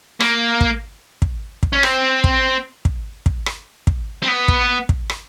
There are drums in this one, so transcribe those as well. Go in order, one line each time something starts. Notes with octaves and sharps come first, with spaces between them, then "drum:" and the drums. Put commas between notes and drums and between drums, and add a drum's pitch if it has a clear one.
A#3, drum: rim click
drum: kick
drum: kick
drum: kick
C#4
C4, drum: rim click
drum: kick
drum: kick
drum: kick
drum: rim click
drum: kick
C4
B3
drum: kick
drum: kick
drum: rim click